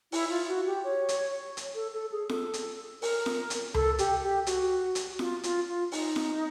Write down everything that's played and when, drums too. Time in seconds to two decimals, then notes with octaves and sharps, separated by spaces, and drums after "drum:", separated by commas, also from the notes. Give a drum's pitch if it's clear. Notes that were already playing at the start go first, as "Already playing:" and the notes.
0.12 E4, drum: open hi-hat
0.30 F4
0.48 F#4
0.66 G4
0.84 C#5
1.09 drum: hi-hat
1.57 drum: hi-hat
1.75 A4
1.93 A4
2.12 G#4
2.29 A4, drum: snare F4
2.54 drum: hi-hat
3.02 A#4, drum: open hi-hat
3.26 drum: snare F4
3.50 drum: hi-hat
3.74 A4, drum: tom C#2
3.99 G4, drum: hi-hat
4.23 G4
4.47 F#4, drum: hi-hat
4.95 drum: hi-hat
5.19 F4, drum: snare F4
5.43 F4, drum: hi-hat
5.68 F4
5.92 D#4, drum: open hi-hat
6.16 drum: snare F4